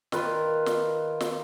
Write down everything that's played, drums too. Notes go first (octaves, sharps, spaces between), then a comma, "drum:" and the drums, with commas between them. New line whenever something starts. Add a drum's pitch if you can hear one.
D#3 F4 B4, drum: snare
drum: snare
drum: snare